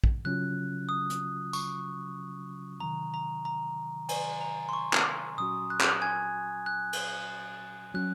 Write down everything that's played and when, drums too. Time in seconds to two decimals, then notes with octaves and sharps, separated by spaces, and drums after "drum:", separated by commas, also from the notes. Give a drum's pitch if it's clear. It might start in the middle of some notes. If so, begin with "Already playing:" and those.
0.04 drum: kick
0.25 C#3 F#3 C#4 F4 F#6
0.89 D#6
1.10 drum: hi-hat
1.53 C#6, drum: tambourine
2.80 C3 D#3 F#3 A#5
3.14 A#5
3.45 A#5
4.09 G#5, drum: cymbal
4.41 A#5
4.69 C6
4.73 C#6
4.93 drum: clap
5.38 A#2 F#3 C#4 F#4 D#6
5.70 F#6
5.81 drum: clap
6.02 G#5 G#6
6.66 F#6
6.93 drum: cymbal
7.94 F#3 C#4 F#4 F#6